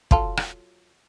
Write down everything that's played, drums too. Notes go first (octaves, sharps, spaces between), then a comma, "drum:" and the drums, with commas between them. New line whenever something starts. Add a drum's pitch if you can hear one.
F#3 F4 A4, drum: kick
drum: rim click